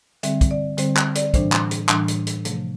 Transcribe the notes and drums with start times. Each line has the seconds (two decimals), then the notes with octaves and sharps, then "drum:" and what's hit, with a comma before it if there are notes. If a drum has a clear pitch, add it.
0.23 D3 G3 C4 E5, drum: hi-hat
0.41 drum: kick, hi-hat
0.51 D5
0.78 D3 G3 C4 C5, drum: hi-hat
0.97 drum: clap
1.15 D5, drum: hi-hat
1.34 A2 E3 G3 D4 C5, drum: kick, hi-hat
1.52 drum: clap
1.71 drum: hi-hat
1.89 A2 E3 G3 D4, drum: clap
2.08 drum: hi-hat
2.27 drum: hi-hat
2.45 C3 F3 A3, drum: hi-hat